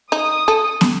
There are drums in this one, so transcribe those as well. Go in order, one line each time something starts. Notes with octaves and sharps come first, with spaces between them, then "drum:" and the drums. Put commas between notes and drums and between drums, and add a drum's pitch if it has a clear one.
D#4 D#6
A4
drum: snare